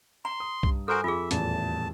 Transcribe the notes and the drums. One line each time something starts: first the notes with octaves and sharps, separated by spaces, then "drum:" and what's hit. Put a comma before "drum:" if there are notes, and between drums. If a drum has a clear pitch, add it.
A#5 C6
D#6
G2, drum: kick
F#4 A4 A#4 C5 G#5
F2 F4 G#4 E5
D#1 E2 A2 A5, drum: hi-hat